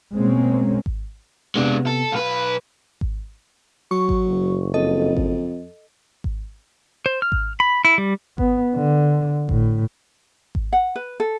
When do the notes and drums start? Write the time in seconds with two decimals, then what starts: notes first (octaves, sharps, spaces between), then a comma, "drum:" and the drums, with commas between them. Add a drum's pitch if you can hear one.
0.15 B2 G#3 A#3 C4 C#4
0.86 drum: kick G#1
1.55 C3 G#3 B3 D4
1.86 A4
2.12 B1 B4 F5
3.01 drum: kick G#1
3.91 F#3 C#6
4.09 drum: kick G#1
4.26 F#1
4.74 F2 A4 D#5
5.17 drum: kick G#1
6.24 drum: kick G#1
7.06 C5
7.22 F6
7.32 drum: kick G#1
7.60 B5
7.85 E4
7.98 G3
8.38 B3, drum: kick G#1
8.75 D3
9.49 A2, drum: kick G#1
10.55 drum: kick G#1
10.73 F#5
10.96 B4
11.20 A4